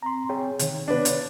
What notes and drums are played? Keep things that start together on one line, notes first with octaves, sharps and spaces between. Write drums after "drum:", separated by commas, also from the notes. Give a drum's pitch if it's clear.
C4 A#5 C6
G#4 C#5 G5
C3 D#3 C#5, drum: hi-hat
B3 D4
drum: hi-hat